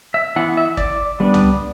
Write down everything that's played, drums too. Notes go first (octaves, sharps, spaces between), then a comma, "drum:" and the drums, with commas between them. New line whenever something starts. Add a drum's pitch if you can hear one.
E5
E3 B3 E4 F#5
E5
D5, drum: kick
G3 B3 D4
drum: tom C2